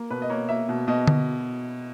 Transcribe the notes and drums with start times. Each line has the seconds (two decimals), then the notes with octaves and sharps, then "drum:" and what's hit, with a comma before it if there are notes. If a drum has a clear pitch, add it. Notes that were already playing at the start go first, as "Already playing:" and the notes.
Already playing: A#3 A#4
0.10 B2 B4
0.22 D#5
0.30 A#3 C#5
0.49 A#3 E5
0.69 B2
0.88 B2 D#5
1.08 drum: tom D3